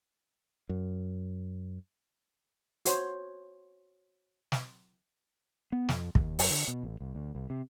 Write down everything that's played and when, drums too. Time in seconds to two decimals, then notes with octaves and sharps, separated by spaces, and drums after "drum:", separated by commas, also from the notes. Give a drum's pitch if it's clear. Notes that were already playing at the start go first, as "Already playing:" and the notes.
0.69 F#2
2.85 F#4 C5 C#5, drum: hi-hat
4.52 drum: snare
5.72 B3
5.89 F2, drum: snare
6.15 D#2, drum: kick
6.39 F#2, drum: open hi-hat
6.50 D3
6.68 B2
6.83 A1
7.01 C2
7.15 D2
7.35 C2
7.50 C3